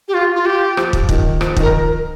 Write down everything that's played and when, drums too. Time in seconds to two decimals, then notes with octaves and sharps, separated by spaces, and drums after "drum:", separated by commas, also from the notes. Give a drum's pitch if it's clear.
0.08 G4
0.14 F4
0.35 F4
0.46 G4
0.77 F3, drum: rim click
0.93 drum: kick
1.09 D#3, drum: kick
1.41 F3, drum: rim click
1.57 D#3, drum: kick
1.62 A#4